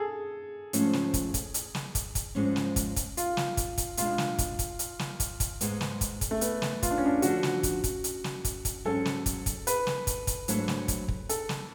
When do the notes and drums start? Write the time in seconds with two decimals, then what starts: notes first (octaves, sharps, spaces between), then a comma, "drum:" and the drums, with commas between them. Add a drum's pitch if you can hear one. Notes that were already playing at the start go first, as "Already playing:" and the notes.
Already playing: G#4 A4
0.73 G#2 F3 A3 C#4, drum: hi-hat
0.93 drum: snare
1.14 drum: kick, hi-hat
1.34 drum: kick, hi-hat
1.54 drum: hi-hat
1.75 drum: snare
1.95 drum: kick, hi-hat
2.15 drum: kick, hi-hat
2.35 G#2 F3 G#3 C#4
2.56 drum: snare
2.76 drum: kick, hi-hat
2.96 drum: kick, hi-hat
3.17 F4, drum: hi-hat
3.37 drum: snare
3.57 drum: kick, hi-hat
3.78 drum: kick, hi-hat
3.97 B2 G#3 D4 F4, drum: hi-hat
4.18 drum: snare
4.38 drum: kick, hi-hat
4.59 drum: kick, hi-hat
4.79 drum: hi-hat
4.99 drum: snare
5.20 drum: kick, hi-hat
5.40 drum: kick, hi-hat
5.61 G#2 G#3 B3, drum: hi-hat
5.81 drum: snare
6.01 drum: kick, hi-hat
6.21 drum: kick, hi-hat
6.31 A3
6.41 B3, drum: hi-hat
6.62 drum: snare
6.83 F4, drum: kick, hi-hat
6.91 D4
6.98 C#4
7.06 D4
7.22 D2 D3 F3 F#4, drum: hi-hat
7.43 drum: snare
7.63 drum: kick, hi-hat
7.84 drum: kick, hi-hat
8.04 drum: hi-hat
8.24 drum: snare
8.45 drum: kick, hi-hat
8.65 drum: kick, hi-hat
8.85 G#2 F#3 C#4 A4
9.05 drum: snare
9.26 drum: kick, hi-hat
9.46 drum: kick, hi-hat
9.67 B4, drum: hi-hat
9.87 drum: snare
10.07 drum: kick, hi-hat
10.27 drum: kick, hi-hat
10.48 G#2 F#3 A3 D4, drum: hi-hat
10.68 drum: snare
10.88 drum: kick, hi-hat
11.08 drum: kick
11.29 A4, drum: hi-hat
11.49 drum: snare